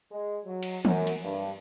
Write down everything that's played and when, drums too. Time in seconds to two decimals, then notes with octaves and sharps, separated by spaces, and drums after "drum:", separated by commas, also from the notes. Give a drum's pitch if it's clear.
0.11 G#3
0.45 F#3
0.63 drum: cymbal
0.85 F#2, drum: tom E3
1.07 drum: cymbal
1.24 G2